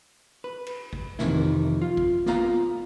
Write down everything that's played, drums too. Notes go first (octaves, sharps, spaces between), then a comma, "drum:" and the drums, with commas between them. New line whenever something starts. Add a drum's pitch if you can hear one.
B4
drum: cymbal
drum: kick
F2 C3 D#3 E3 E4, drum: snare
F4
drum: kick
A#3 B3 F4 F5 A#5, drum: snare